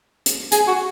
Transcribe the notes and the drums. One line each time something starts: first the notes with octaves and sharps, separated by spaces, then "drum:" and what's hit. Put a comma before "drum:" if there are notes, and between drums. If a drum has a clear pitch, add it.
drum: hi-hat
G#4, drum: hi-hat
F#4